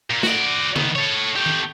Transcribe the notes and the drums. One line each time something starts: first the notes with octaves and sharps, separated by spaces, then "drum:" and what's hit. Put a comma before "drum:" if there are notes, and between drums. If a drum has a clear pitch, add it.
A#2
F#4 D5, drum: snare
D#3 B3, drum: tom C#3
A4 C#5
A3 G4
drum: tom D#3